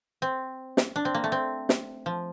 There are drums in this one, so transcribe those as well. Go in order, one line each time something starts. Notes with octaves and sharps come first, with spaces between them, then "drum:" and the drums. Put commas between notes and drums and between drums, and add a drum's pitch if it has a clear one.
C4
drum: snare
D4
C4
A#3
A3
C4
drum: snare
F3